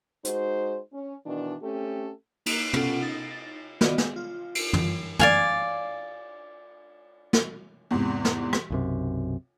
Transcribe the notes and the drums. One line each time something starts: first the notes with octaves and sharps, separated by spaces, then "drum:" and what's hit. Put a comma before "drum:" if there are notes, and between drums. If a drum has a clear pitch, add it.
G#3 D#4 F#4 C5, drum: hi-hat
C#4
B2 D#3 E3 D4
A3 C4 C#4 G4 A4
A#3 D#4 F#6, drum: cymbal
B3 C#4 F4 A4 F#5, drum: tom
D#4 A6 A#6
D#3 B3 F4 F#4 D5 D#5, drum: snare
G#3, drum: snare
F4
drum: cymbal
drum: tom
D5 F5 G#5, drum: tom
drum: snare
E2 G#2 C3
drum: snare
drum: rim click
B1 F#2 C3